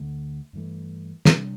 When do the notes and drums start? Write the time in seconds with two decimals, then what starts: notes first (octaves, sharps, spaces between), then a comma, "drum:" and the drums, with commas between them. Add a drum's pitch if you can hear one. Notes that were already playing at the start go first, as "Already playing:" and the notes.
Already playing: D2 D3 A3
0.53 G2 E3 A3
1.25 C3 G3 D4, drum: snare